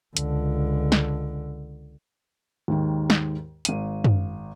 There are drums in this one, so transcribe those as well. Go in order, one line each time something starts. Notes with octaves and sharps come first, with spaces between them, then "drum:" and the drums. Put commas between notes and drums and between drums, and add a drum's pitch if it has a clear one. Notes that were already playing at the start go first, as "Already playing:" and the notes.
C#2 D3, drum: hi-hat
drum: snare
D#2 G#2 D#3
drum: snare
G#1 D#7, drum: hi-hat
drum: tom F#2